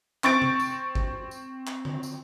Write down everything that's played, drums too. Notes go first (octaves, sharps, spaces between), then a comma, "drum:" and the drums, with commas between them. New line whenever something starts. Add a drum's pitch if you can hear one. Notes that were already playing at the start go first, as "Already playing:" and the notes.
C4 C#6 A6 D7, drum: clap
drum: tom C3
drum: tambourine
drum: kick
drum: tambourine
drum: clap
drum: tom D3
drum: tambourine